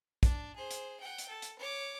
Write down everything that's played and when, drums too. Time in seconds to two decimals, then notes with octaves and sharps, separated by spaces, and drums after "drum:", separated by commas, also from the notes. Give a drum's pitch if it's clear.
0.23 D4, drum: kick, hi-hat
0.56 G#4 C5
0.71 drum: hi-hat
1.00 F#5 G5
1.18 drum: hi-hat
1.29 A4
1.42 drum: hi-hat
1.58 C#5 D6